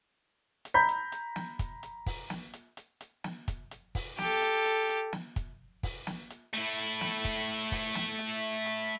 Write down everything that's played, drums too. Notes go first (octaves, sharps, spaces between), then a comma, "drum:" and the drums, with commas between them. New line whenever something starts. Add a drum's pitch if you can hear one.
drum: hi-hat
A#5 B5 G6 B6
drum: hi-hat
drum: hi-hat
drum: snare
drum: kick, hi-hat
drum: hi-hat
drum: kick, open hi-hat
drum: snare
drum: hi-hat
drum: hi-hat
drum: hi-hat
drum: snare
drum: kick, hi-hat
drum: hi-hat
drum: kick, open hi-hat
G4 A4, drum: snare
drum: hi-hat
drum: hi-hat
drum: hi-hat
drum: snare
drum: kick, hi-hat
drum: kick, open hi-hat
drum: snare
drum: hi-hat
A3 E4, drum: hi-hat
drum: snare
drum: kick, hi-hat
drum: kick, open hi-hat
drum: snare
drum: hi-hat
drum: hi-hat